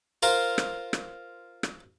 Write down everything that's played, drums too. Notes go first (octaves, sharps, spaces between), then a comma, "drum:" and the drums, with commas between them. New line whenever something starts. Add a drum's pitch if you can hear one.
F4 A#4 C5
drum: rim click
drum: rim click
drum: rim click